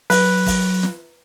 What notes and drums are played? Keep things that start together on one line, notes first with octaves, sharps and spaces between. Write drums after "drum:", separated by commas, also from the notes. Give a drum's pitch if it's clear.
F#3 B4, drum: open hi-hat
drum: kick, open hi-hat
drum: snare